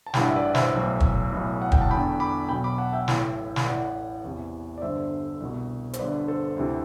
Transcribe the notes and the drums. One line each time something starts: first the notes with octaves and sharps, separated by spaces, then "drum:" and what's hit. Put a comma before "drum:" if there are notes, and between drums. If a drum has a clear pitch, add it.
A5
A1 G2 E3 G5, drum: snare
F#5
E5
B4 D5
C5 E5, drum: snare
B1 A2 E3
drum: kick
B1 A2 E3
F#5
G5, drum: kick
A5
E2 D3 G5 B5
B5 D6
B1 B2 G5 B5
B5 D6
F#5 A5
E5 G5
A1 A2 E3, drum: snare
drum: snare
A1 A2 E3 D5 F#5
E2 C3 E3
D5
G1 G2 D3 C5 E5
C2 B2
C5, drum: hi-hat
G1 G2 D3 B4 D5
A4 C5
D2 C3 E3